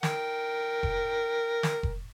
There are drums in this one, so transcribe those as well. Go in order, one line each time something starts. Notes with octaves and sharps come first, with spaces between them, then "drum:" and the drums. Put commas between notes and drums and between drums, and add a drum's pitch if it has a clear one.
A#4 G5, drum: snare
drum: kick F1
drum: snare
drum: kick F1